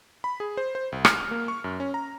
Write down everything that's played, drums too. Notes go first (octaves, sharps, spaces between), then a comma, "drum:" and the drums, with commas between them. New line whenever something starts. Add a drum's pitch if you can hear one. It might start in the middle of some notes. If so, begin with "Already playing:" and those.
B5
G#4
C5
C5
C2
F6, drum: rim click
A#3
C#6
F#2
C#4
A#5